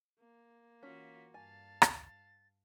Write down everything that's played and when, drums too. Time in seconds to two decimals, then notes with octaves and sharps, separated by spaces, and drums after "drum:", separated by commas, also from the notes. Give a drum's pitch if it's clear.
0.20 A#3
0.83 E3 C#4 F4 F#4 B6
1.34 G2 F5 G#5 A5 A6
1.82 drum: rim click